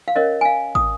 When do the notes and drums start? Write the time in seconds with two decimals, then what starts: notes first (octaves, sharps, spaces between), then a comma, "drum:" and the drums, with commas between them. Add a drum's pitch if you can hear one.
0.08 F5
0.16 C#4 A#4 C#5 D#5
0.41 G#5
0.45 F5
0.75 D#6, drum: kick